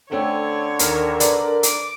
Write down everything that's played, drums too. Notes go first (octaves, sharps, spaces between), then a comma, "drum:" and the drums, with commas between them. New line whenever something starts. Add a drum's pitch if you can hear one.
D3 A3 C4 C#4 C#5
D#2 A#4, drum: hi-hat
B4 D5, drum: hi-hat
D6, drum: hi-hat